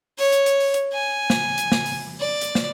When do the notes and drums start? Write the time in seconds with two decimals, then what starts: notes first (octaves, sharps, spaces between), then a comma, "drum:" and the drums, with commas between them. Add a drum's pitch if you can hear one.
0.18 C#5, drum: open hi-hat
0.32 drum: hi-hat
0.46 drum: hi-hat
0.60 drum: open hi-hat
0.74 drum: hi-hat
0.93 G#5
1.30 drum: snare
1.58 drum: hi-hat
1.72 drum: snare
1.86 drum: open hi-hat
2.20 D5
2.41 drum: hi-hat
2.55 drum: snare